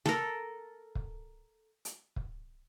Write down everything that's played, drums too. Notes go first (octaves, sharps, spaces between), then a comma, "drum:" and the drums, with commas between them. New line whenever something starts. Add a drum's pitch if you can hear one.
A4 A#4, drum: snare
drum: kick
drum: hi-hat
drum: kick